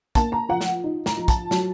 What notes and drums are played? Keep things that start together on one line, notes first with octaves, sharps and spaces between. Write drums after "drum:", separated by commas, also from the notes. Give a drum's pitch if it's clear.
A#3 A5, drum: kick, hi-hat
A#5
F3 F#5
drum: snare
D#4
A#5, drum: snare
F3
A5, drum: kick, hi-hat
F#3, drum: snare